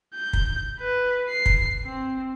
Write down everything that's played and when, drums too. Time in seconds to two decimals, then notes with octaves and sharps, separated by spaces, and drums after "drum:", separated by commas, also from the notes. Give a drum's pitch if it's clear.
0.15 G6
0.33 drum: kick
0.80 B4
1.30 C7
1.46 drum: kick
1.86 C4